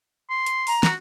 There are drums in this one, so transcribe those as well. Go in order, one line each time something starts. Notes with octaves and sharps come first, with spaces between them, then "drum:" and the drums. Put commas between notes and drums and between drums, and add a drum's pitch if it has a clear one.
C6
drum: hi-hat
A#5, drum: open hi-hat
F#4, drum: snare